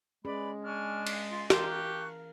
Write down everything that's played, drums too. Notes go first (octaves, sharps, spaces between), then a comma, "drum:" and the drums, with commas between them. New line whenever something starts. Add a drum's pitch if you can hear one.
G#3 C#4 G#4 B4 D5 B5
D4 G#5 C#6 F6
drum: cymbal
F4 C6
E3 G4 A4 A#4 F5 C6, drum: snare
A5 C#6 F#6